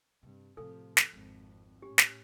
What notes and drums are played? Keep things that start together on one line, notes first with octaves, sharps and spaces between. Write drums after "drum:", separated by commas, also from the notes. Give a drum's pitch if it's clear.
G2 C3
A2 C3 F3 A4
drum: snare
G#1 F2 G#3
A2 C#4 G4
drum: snare